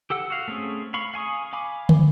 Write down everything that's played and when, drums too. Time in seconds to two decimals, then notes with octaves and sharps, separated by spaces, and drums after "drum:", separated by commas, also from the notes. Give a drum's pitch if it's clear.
0.10 G4 A4 F#5 E6
0.30 F#4 F5
0.48 A3 C4 C#4 G#4
0.94 F5 B5 C#6
1.14 F5 G#5 C#6 D#6
1.53 F5 G#5 B5 D6
1.89 drum: tom